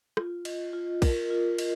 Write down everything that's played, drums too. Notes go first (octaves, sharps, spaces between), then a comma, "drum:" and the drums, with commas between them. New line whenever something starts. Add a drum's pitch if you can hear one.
F4, drum: rim click
D#5, drum: cymbal
F4
A#4, drum: kick, cymbal
F4
D#5, drum: cymbal